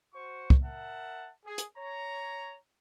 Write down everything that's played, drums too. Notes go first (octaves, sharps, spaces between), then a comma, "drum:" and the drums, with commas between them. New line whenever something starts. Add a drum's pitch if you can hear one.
F#4 C5 C#6
drum: kick
A#4 E5 F#5 A5
G#4
drum: hi-hat
C#5 A#5